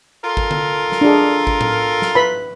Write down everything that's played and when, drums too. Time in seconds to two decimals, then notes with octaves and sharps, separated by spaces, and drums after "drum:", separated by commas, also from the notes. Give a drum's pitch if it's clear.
0.23 F4 A4 A#4
0.37 drum: kick G#1
0.51 drum: tom D3
0.92 drum: snare
1.01 D4 G#4
1.47 drum: kick G#1
1.61 drum: tom A2
2.02 drum: snare
2.15 B4 B5